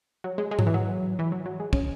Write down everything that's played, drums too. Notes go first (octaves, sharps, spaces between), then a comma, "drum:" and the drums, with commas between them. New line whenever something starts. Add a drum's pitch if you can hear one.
F#3
G#3
G#3
F#3, drum: tom G#2
E3
F#3
E3
F#3
F#3
G#3
C#4, drum: kick